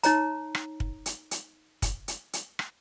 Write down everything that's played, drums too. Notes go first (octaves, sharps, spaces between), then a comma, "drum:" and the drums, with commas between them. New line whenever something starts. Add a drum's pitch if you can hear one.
D#4 C#5 A#5, drum: hi-hat
drum: rim click
drum: kick
drum: hi-hat
drum: hi-hat
drum: kick, hi-hat
drum: hi-hat
drum: hi-hat
drum: rim click